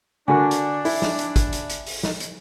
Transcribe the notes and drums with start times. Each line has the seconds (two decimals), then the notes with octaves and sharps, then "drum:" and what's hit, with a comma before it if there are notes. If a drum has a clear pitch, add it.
0.28 D3 D4 F#4 A#4 G#5
0.51 drum: hi-hat
0.85 E4, drum: open hi-hat
1.02 drum: snare
1.19 drum: hi-hat
1.36 drum: kick, hi-hat
1.53 drum: hi-hat
1.70 drum: hi-hat
1.87 drum: open hi-hat
2.03 drum: snare
2.20 drum: hi-hat